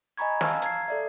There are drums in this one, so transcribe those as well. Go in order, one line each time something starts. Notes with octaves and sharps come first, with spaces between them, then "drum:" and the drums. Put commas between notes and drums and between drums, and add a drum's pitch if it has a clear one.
D#5 G#5 A#5 B5 C#6 G#6
F5 A5 E6 F6, drum: snare
A#5 G#6 C7, drum: hi-hat
A4 D5 E5